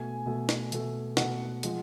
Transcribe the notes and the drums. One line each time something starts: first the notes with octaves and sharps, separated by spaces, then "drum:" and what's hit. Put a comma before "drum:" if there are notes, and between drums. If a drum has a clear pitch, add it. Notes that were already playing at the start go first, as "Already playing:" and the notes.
Already playing: B2 A3 G#5
B2 A3
drum: snare
B2 A3, drum: hi-hat
B2 A3 F#5, drum: snare
F3 G#3, drum: hi-hat